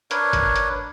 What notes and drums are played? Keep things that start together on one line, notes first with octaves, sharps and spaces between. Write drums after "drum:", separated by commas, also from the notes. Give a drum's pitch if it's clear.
D4 A#4 B4 C#5, drum: hi-hat
drum: kick G1, hi-hat
drum: hi-hat